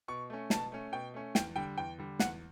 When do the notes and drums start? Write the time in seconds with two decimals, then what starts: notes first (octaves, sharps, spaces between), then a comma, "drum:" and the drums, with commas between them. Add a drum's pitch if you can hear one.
0.08 B2 C#6
0.30 A3 C#4
0.50 B2 A5, drum: snare
0.72 A3 C#4
0.92 B2 G5
1.14 A3 C#4
1.35 E2 G5, drum: snare
1.56 D3 G3 G5
1.77 E2 G5
1.98 D3 G3
2.19 E2 F#5, drum: snare